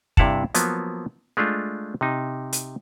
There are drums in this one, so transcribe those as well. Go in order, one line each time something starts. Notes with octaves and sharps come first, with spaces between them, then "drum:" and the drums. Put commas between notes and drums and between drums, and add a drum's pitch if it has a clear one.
G2 C3 E4 F5 F#5 A5, drum: kick
F3 F#3 A#3 B3, drum: hi-hat
G#3 A3 D4 F4
C3 D#4
drum: hi-hat